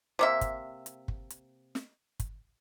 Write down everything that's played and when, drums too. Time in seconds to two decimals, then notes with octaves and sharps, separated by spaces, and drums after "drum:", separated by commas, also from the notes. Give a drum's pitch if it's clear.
0.19 C3 A#3 E5
0.41 drum: kick, hi-hat
0.86 drum: hi-hat
1.08 drum: kick
1.30 drum: hi-hat
1.75 drum: snare
2.20 drum: kick, hi-hat